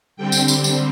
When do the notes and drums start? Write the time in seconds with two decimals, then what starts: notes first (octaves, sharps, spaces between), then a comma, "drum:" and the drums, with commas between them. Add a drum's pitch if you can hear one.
0.16 D3 G3 C4 G5
0.32 drum: tambourine
0.48 drum: tambourine
0.64 drum: tambourine